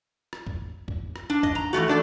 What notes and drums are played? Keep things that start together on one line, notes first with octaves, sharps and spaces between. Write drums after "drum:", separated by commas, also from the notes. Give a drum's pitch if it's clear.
drum: rim click
drum: kick C#2
drum: kick C#2
drum: rim click
D4
D#5, drum: kick C#2
A#5
E3 F3 A3 F#4
A3 D4 A4